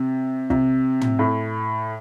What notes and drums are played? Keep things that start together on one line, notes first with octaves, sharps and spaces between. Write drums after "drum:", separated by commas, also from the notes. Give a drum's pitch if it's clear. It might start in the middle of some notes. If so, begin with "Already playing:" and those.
Already playing: C3
C3, drum: kick
drum: tom
A2